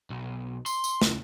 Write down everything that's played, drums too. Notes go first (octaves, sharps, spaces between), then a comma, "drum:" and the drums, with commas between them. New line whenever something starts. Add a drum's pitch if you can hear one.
B1
C6, drum: tambourine
drum: tambourine
C#2, drum: snare